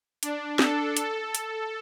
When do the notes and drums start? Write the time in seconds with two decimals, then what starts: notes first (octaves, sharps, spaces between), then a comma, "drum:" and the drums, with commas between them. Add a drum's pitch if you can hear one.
0.23 D4, drum: hi-hat
0.59 A4, drum: snare
0.97 A4, drum: hi-hat
1.35 drum: hi-hat